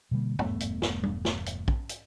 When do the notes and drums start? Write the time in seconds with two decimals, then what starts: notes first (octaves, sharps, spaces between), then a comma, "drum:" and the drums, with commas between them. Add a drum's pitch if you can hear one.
0.11 B2 D3 G3 A#3
0.39 E1 G2 A3 B3, drum: tom
0.60 drum: hi-hat
0.82 drum: snare
1.03 drum: tom G3
1.25 drum: snare
1.46 drum: hi-hat
1.68 drum: kick
1.89 drum: hi-hat